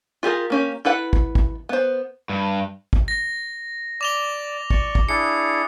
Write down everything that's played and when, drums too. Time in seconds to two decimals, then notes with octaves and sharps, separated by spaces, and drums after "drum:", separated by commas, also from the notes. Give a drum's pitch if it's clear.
0.23 F4 G4 G#4 A#4
0.50 A#3 C#4 G4
0.85 E4 A4 B4 F#5
1.13 drum: kick
1.35 drum: kick
1.69 B3 C5
2.29 G2
2.93 drum: kick
3.08 A#6
4.01 D5 D6 F7 G7
4.70 D5 C#6, drum: kick
4.95 drum: kick
5.09 D4 E4 G#4 C#7